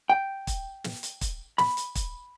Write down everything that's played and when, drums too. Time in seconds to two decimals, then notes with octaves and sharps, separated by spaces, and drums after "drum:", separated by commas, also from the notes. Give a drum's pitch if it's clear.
0.10 G5
0.47 drum: kick, hi-hat
0.84 drum: snare
1.03 drum: hi-hat
1.21 drum: kick, hi-hat
1.58 B5, drum: snare
1.77 drum: hi-hat
1.95 drum: kick, hi-hat